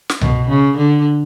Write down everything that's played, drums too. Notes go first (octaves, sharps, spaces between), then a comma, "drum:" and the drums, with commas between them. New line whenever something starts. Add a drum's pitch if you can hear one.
drum: snare
B2, drum: tom C2
C#3
D3